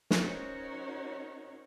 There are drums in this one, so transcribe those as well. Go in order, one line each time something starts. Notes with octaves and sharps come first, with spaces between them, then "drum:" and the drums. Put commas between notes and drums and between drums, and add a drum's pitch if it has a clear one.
drum: snare
C#4 D#4 F#4 A#4 C5 C#5